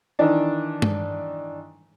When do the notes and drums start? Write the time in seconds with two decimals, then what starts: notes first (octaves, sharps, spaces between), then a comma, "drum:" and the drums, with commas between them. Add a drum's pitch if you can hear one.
0.19 D#3 E3 D4
0.82 drum: tom G2